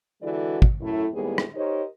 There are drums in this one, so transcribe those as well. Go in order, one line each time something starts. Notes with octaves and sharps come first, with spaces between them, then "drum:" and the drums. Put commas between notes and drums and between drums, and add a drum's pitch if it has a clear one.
D3 E3 G#3 F#4 A4 D5
drum: kick
F#2 A2 A3 E4
D#2 A2 G3 G#3 B3 G#4
drum: rim click
D#4 G4 A#4 C5 C#5 D#5